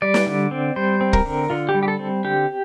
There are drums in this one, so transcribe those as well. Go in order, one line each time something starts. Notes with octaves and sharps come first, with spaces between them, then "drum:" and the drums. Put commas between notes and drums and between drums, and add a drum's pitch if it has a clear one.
G3 D5
drum: snare
D3
C4
G3 C5
C4
A#4, drum: kick
D3
D3 F4
G4
G3
G4
A4
C4
D3 G4